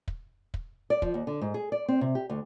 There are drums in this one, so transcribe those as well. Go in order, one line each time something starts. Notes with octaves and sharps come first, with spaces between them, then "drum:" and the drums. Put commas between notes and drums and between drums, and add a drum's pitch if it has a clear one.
drum: kick
drum: kick
D5
F3, drum: kick
D#2
D3
G#2
G#4
D5
C4
C3
G4
D2